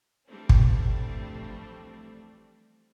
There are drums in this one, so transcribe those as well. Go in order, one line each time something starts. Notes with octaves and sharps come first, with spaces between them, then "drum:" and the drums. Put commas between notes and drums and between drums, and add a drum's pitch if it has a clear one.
E3 F3 G3 A3 C4 D4
drum: kick